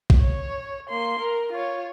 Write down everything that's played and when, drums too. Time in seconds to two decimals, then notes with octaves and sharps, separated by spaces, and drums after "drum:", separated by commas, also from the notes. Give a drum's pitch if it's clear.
0.10 drum: kick
0.21 C#5
0.89 A#3 C6
1.20 A#4
1.53 F4 C#5